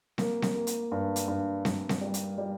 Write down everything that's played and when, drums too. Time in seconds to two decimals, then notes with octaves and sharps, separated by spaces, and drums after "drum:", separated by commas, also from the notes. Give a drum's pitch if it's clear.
0.18 A#3, drum: snare C4
0.42 drum: snare C4
0.55 A#3
0.67 drum: hi-hat
0.92 G2
1.16 drum: hi-hat
1.28 G2
1.65 G2, drum: snare C4
1.89 drum: snare C4
2.01 G3
2.14 drum: hi-hat
2.38 G3